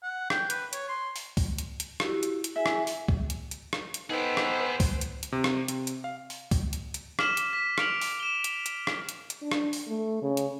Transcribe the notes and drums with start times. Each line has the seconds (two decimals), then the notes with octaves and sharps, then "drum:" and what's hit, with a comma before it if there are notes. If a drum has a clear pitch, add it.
0.03 F#5
0.30 G5, drum: rim click
0.50 B4, drum: hi-hat
0.73 C#5, drum: hi-hat
0.89 C6
1.16 drum: open hi-hat
1.37 drum: kick C#2, open hi-hat
1.58 drum: hi-hat
1.80 drum: hi-hat
2.00 E4 F#4 G4, drum: rim click
2.23 drum: hi-hat
2.44 drum: hi-hat
2.56 E4 G#4 E5 G#5
2.66 drum: rim click
2.87 drum: open hi-hat
3.08 drum: kick C#2
3.30 drum: hi-hat
3.51 drum: hi-hat
3.73 drum: rim click
3.94 drum: hi-hat
4.10 B3 D#4 G#4 A4 B4 C5 G5
4.37 drum: rim click
4.80 drum: kick C#2, open hi-hat
5.01 drum: hi-hat
5.23 drum: hi-hat
5.32 C3
5.44 drum: rim click
5.68 C3, drum: hi-hat
5.87 drum: hi-hat
6.04 F5
6.30 drum: open hi-hat
6.51 drum: kick C#2, open hi-hat
6.73 drum: hi-hat
6.94 drum: hi-hat
7.19 D6 F6 B6 E7 F#7, drum: rim click
7.37 drum: hi-hat
7.53 B6
7.78 F6 D7 F7 F#7, drum: rim click
8.01 drum: open hi-hat
8.20 E7 G7
8.44 drum: hi-hat
8.66 drum: hi-hat
8.87 drum: rim click
9.09 drum: hi-hat
9.30 drum: hi-hat
9.42 D4
9.51 drum: rim click
9.73 drum: open hi-hat
9.88 A3
10.22 C#3
10.37 drum: hi-hat